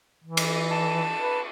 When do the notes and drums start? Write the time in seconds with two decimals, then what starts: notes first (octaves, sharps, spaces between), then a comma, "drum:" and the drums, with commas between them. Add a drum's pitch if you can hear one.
0.24 E3
0.37 drum: cymbal
0.70 A5
1.19 B4